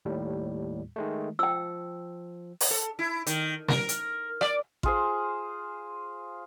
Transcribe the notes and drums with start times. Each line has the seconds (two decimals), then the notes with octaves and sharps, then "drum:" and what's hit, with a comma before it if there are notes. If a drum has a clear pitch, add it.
0.05 D#2 A2 G3
0.96 D#3 G#3 A3
1.39 F3 G5 E6
2.61 drum: open hi-hat
2.71 A4
2.99 E4
3.27 D#3, drum: hi-hat
3.68 A#4, drum: snare
3.89 drum: hi-hat
4.41 D5, drum: rim click
4.83 F4 G#4 C5, drum: kick A1